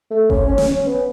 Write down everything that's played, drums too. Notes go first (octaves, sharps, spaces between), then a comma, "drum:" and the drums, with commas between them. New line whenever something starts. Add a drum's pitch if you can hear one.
A3
C#4, drum: kick F#1
C#4
drum: snare
C#4
B3